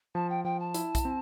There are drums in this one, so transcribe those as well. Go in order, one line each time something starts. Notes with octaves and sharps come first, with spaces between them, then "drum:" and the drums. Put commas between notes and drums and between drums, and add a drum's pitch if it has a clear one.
F3 A5
G5
F3 G5
A5
E4, drum: hi-hat
drum: kick, hi-hat
C4